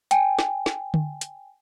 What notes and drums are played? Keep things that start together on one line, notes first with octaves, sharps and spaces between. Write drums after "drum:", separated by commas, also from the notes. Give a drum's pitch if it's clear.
G5 G#5, drum: hi-hat
drum: snare
drum: snare
drum: tom D3
drum: hi-hat